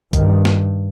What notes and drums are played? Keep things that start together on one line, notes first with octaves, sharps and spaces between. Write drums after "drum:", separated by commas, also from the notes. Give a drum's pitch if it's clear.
G2 D#3, drum: kick, hi-hat
drum: snare